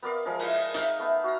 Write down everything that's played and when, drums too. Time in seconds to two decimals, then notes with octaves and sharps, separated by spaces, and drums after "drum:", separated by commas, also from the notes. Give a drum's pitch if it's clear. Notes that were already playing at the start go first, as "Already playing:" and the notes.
0.02 B3 A#4 D5 F5
0.25 F3 G#3 G#4 A#4
0.39 E4, drum: open hi-hat
0.74 D#4 E5 F5, drum: hi-hat
0.99 A3 B3
1.24 F#4 F5 A#5